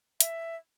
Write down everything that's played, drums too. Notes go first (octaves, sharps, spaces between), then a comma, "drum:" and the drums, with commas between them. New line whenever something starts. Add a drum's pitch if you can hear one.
E5, drum: hi-hat